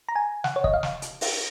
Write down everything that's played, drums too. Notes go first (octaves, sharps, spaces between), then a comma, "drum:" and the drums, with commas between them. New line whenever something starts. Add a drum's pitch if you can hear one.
A#5
G#5
F#5, drum: snare
C#5
D#5, drum: kick
F5
drum: snare
drum: hi-hat
drum: open hi-hat